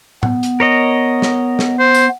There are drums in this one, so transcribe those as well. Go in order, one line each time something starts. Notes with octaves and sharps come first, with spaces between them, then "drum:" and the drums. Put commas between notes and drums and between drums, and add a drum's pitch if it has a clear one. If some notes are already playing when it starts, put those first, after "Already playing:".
B3, drum: tom A2
drum: hi-hat
A#4 C#5 D#5
drum: snare
drum: snare
C5
drum: tambourine